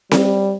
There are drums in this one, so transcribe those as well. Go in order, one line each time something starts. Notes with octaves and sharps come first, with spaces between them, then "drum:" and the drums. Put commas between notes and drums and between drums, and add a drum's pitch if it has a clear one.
G3, drum: snare C4